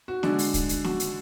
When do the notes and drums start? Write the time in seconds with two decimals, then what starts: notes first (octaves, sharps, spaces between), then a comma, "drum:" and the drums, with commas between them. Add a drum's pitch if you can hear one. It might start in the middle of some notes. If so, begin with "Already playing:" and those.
0.08 F#4
0.23 D3 G#3 D4 F#4, drum: snare
0.39 drum: open hi-hat
0.54 drum: kick, hi-hat
0.69 drum: hi-hat
0.84 F#4, drum: snare
1.00 drum: hi-hat